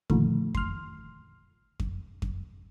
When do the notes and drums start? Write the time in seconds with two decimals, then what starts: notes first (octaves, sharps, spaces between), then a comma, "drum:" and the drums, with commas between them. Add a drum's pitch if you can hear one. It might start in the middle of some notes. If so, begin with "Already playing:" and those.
0.10 A#2 D3 D#3 F3 A3, drum: kick F2
0.55 C6 F6, drum: kick F2
1.80 drum: kick F2
2.22 drum: kick F2